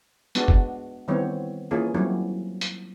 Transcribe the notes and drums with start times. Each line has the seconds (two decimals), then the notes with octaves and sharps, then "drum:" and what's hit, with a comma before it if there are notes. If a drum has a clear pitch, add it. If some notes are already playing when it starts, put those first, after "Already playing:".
0.35 G#3 B3 D4 F#4, drum: hi-hat
0.48 drum: kick G1
1.08 D#3 E3 G3 B3 C4 C#5
1.71 E3 A#3 C#4 F4 G#4 A4
1.94 F#3 G3 A#3 C4 C#4 E4
2.61 drum: hi-hat